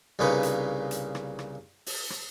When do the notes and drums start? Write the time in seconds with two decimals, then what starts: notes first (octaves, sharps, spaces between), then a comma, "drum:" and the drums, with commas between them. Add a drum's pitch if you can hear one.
0.19 C2 A#2 C#3 C#4 D#4 B4
0.43 drum: hi-hat
0.91 drum: hi-hat
1.15 drum: rim click
1.39 drum: rim click
1.86 drum: open hi-hat
2.10 drum: rim click